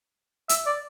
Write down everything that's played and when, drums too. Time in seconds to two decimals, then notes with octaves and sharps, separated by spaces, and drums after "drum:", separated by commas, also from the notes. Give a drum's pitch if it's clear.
0.49 E5, drum: hi-hat
0.66 D5